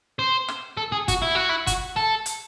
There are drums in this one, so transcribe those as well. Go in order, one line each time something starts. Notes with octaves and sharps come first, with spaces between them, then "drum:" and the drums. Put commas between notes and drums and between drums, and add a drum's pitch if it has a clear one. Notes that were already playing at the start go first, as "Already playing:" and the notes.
C5
drum: rim click
A4
G#4
F#4, drum: kick F#1, hi-hat
E4
F#4
E4
F#4, drum: kick F#1, hi-hat
A4
drum: hi-hat